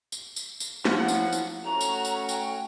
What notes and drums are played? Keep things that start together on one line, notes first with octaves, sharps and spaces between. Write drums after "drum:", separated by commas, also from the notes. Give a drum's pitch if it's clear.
drum: tambourine
drum: tambourine
drum: tambourine
F3 F#3 E4 F#5, drum: snare
drum: tambourine
drum: tambourine
A3 C#4 F#4 A#5
drum: tambourine
drum: tambourine
G5, drum: tambourine